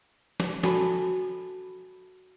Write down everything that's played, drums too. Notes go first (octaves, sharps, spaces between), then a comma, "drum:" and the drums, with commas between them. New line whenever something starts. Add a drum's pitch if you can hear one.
drum: snare
F#4 A4 G#5 A5 B5, drum: snare